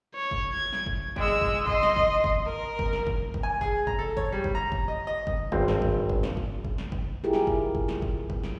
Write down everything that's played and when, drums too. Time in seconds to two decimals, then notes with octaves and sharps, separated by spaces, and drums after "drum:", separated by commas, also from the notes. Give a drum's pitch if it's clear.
0.15 C#5
0.31 drum: kick F#1
0.53 G#6
0.73 drum: snare
0.86 drum: kick F#1
1.16 G#3 E6, drum: kick F#1
1.28 drum: snare
1.41 drum: kick F#1
1.67 D#5 C6, drum: kick F#1
1.83 drum: snare
1.96 drum: kick F#1
2.24 drum: kick F#1
2.45 A#4
2.79 drum: kick F#1
2.93 drum: snare
3.07 drum: kick F#1
3.34 drum: kick F#1
3.43 G#5
3.61 G#4, drum: kick F#1
3.87 A#5, drum: kick F#1
3.99 A4
4.17 C#5, drum: kick F#1
4.32 G3
4.44 drum: kick F#1
4.55 A#5
4.72 drum: kick F#1
4.88 D#5
5.07 D#5
5.27 drum: kick F#1
5.52 G#1 G2 C4, drum: kick F#1
5.68 drum: snare
5.82 drum: kick F#1
6.09 drum: kick F#1
6.23 drum: snare
6.37 drum: kick F#1
6.65 drum: kick F#1
6.78 drum: snare
6.92 drum: kick F#1
7.24 E4 F4 G4 G#4 A#4
7.33 drum: snare
7.47 drum: kick F#1
7.75 drum: kick F#1
7.88 drum: snare
8.02 drum: kick F#1
8.30 drum: kick F#1
8.44 drum: snare